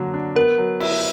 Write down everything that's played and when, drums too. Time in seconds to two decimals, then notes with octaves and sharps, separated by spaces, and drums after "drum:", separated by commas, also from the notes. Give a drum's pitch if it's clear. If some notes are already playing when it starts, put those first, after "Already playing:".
Already playing: D3 F#3 A#3
0.14 D4
0.36 B3 A#4
0.58 F#3
0.80 E4, drum: cymbal